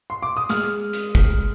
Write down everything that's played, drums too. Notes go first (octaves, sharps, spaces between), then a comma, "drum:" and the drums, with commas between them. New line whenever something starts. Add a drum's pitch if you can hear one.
C6
D6
D#6
G#3 F6, drum: hi-hat
drum: hi-hat
drum: kick